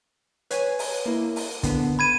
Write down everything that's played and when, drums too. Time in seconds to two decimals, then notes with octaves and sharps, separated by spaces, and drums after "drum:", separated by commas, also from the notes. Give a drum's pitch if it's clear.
0.51 B4 C#5 G#5, drum: hi-hat
0.79 drum: open hi-hat
1.06 A#3 E4
1.36 drum: open hi-hat
1.63 D3 B3, drum: kick, hi-hat
1.99 B5 G#6 D#7